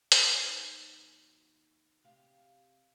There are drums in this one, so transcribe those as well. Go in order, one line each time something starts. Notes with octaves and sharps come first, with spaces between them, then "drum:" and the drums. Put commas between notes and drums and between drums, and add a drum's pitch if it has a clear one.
drum: hi-hat
D#2 F#3 D#4
C3 G4 F5